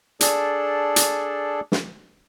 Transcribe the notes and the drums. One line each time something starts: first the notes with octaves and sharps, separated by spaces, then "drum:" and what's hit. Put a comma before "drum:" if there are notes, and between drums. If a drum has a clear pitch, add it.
D4 G#4 A4 D5, drum: hi-hat
drum: hi-hat
drum: snare